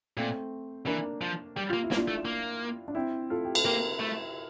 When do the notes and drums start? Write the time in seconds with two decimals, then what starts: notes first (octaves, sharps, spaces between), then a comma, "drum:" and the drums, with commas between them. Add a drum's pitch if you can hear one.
0.17 A#2 A3 C4
0.86 E3 A#3 D4
1.21 F3
1.56 G3 G4
1.70 A#3 F4
1.84 E4
1.91 A#3, drum: snare
1.96 D4 F4
2.08 A3
2.25 A#3
2.88 D4
2.95 C4 E4
3.30 F4 A4
3.45 G4
3.55 A4, drum: cymbal
3.65 A#3 G4 A#4
4.00 A3